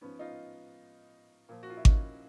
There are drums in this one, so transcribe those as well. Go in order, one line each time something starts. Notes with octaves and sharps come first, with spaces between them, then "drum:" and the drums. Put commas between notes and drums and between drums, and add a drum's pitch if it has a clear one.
G#2 F3 B3 C#4
D#4 F4
A#2 F3
F#4
F4
E4
C#4 D#4, drum: kick G#1